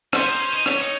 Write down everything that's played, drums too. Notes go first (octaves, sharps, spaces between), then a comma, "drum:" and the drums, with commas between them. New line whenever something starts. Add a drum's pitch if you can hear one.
C#4 C5, drum: rim click
D#4
C#4
D#4
C#4 C#5, drum: rim click
D#4